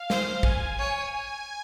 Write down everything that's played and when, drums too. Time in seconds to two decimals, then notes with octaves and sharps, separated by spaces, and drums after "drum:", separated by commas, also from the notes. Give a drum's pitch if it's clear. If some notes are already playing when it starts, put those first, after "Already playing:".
Already playing: F5
0.10 C5, drum: snare
0.43 G#5, drum: kick
0.78 C#5 G#5
1.12 G#5